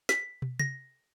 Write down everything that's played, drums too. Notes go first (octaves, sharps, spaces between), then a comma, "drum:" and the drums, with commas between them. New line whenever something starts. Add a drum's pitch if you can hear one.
B6, drum: snare
drum: tom
A#6, drum: tom C3